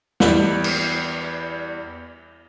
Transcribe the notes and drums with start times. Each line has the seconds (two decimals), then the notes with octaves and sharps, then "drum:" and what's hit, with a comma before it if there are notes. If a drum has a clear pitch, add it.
0.20 E2 G3, drum: snare
0.64 drum: cymbal